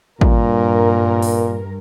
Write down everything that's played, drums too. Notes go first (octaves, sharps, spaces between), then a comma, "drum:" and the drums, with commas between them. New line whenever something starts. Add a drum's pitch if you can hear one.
G2 A#2 A#4, drum: kick A1
drum: open hi-hat